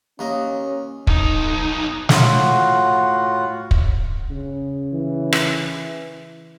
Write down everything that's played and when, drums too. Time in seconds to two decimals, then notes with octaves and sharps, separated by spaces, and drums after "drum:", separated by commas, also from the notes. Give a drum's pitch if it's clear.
0.19 D#2 A#3 C#4 C#5 D#5
1.07 B1 D#4, drum: kick
2.09 A2 F4 F#4 F#5, drum: snare
3.71 drum: kick
4.30 C#3
4.93 E3
5.33 drum: rim click